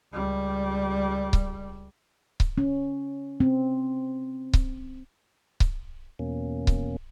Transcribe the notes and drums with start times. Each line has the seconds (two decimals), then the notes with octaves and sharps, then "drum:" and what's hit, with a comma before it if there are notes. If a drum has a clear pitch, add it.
0.13 C#2 G3
1.33 drum: kick C#1
2.40 drum: kick C#1
2.58 C#4
3.40 C4
4.53 drum: kick C#1
5.60 drum: kick C#1
6.19 E2 B2 A#3 C#4
6.67 drum: kick C#1